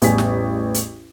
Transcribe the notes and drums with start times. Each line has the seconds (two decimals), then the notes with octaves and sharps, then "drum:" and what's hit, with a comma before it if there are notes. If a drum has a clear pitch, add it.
0.02 A1 E2 G3 G#5 B6, drum: hi-hat
0.18 drum: snare
0.74 drum: hi-hat